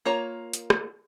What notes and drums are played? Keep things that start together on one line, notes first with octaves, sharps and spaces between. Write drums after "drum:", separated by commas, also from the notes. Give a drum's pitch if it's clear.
A#3 F4 C#5 A#5
drum: hi-hat
drum: rim click